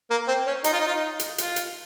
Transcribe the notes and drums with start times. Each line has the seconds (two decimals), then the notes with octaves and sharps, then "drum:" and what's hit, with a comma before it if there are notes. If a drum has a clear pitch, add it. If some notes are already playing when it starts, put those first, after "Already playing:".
0.10 A#3
0.28 C4
0.47 C#4
0.64 D#4, drum: hi-hat
0.73 F4
0.79 D#4
0.87 F4
0.94 D#4
1.19 drum: hi-hat
1.38 F4, drum: hi-hat
1.56 drum: hi-hat